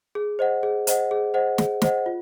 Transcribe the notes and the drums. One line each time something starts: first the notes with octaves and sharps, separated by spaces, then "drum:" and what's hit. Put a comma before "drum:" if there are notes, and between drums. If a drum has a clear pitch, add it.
G#4
C5 D#5 F#5
G#4
C5 D#5 F#5, drum: hi-hat
G#4
C5 D#5 F#5
G#4, drum: snare
C5 D#5 F#5, drum: snare
F4